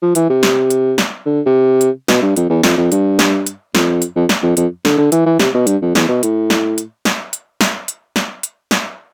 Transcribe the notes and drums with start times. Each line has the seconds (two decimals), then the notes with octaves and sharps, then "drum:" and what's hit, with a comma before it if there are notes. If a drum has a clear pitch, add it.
0.02 F3
0.15 E3, drum: hi-hat
0.29 C3
0.43 drum: snare
0.70 drum: hi-hat
0.98 drum: snare
1.26 D3
1.46 C3
1.81 drum: hi-hat
2.08 B2, drum: snare
2.22 G2
2.36 F2, drum: hi-hat
2.49 E2
2.63 F2, drum: snare
2.77 F2
2.92 G2, drum: hi-hat
3.19 drum: snare
3.46 drum: hi-hat
3.75 F2, drum: snare
4.02 drum: hi-hat
4.16 F2
4.29 drum: snare
4.43 F2
4.57 F2, drum: hi-hat
4.85 D3, drum: snare
4.98 D3
5.12 E3, drum: hi-hat
5.26 E3
5.40 C3, drum: snare
5.54 B2
5.67 G2, drum: hi-hat
5.82 F2
5.95 E2, drum: snare
6.09 B2
6.23 A2, drum: hi-hat
6.50 drum: snare
6.78 drum: hi-hat
7.05 drum: snare
7.33 drum: hi-hat
7.61 drum: snare
7.88 drum: hi-hat
8.16 drum: snare
8.43 drum: hi-hat
8.71 drum: snare